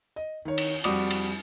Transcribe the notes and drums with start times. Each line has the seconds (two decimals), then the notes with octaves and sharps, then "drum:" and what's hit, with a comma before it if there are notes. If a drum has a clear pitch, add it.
0.16 D#5
0.45 D#3 C#5
0.58 drum: cymbal
0.84 F2 G3 F#4 D5 D6 D#6, drum: cymbal
1.11 drum: cymbal